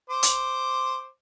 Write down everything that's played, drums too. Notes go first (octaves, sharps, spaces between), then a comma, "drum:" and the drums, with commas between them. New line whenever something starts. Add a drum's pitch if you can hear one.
C5 D6
drum: hi-hat